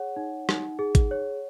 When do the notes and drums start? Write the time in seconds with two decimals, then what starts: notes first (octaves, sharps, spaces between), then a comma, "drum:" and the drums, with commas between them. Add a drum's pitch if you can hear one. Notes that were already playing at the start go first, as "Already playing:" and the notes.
Already playing: G#4 C#5 F#5
0.16 D#4
0.49 D#4, drum: rim click
0.79 G#4
0.95 drum: kick G#1, hi-hat
1.11 C#5